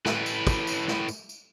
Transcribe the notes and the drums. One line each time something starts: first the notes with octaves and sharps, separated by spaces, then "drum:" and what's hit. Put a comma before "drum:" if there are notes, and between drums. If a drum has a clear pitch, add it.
A2 B4, drum: snare
drum: tambourine
drum: kick, tambourine
drum: tambourine
drum: snare
drum: tambourine
drum: tambourine